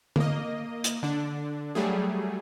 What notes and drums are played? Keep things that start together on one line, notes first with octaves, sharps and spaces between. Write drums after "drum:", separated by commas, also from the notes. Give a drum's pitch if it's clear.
A#3 D#5, drum: tom D3
drum: hi-hat
D3 D4
F#3 G3 A3 G#4